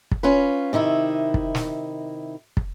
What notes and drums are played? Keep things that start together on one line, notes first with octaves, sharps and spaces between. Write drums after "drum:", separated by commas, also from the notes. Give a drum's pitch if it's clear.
drum: kick
C#4 F4 B4
C3 D#3 D#4 E4
drum: kick
drum: snare
drum: kick